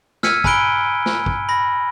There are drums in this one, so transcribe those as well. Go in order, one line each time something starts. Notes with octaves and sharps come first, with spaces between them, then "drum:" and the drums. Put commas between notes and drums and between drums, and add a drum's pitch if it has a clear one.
E6 F6 G#6 B6 C#7 D#7, drum: snare
G#5 A#5 B5 F#6 D7 G7, drum: kick
drum: snare
drum: kick
B5 A#6